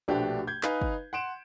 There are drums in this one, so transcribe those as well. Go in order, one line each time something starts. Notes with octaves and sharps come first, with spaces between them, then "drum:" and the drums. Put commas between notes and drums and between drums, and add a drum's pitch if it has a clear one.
A#1 B2 A3 D4 F#4 G4
G6 G#6
D#4 B4 F5 G#5, drum: clap
drum: kick
F#5 C6 D7 E7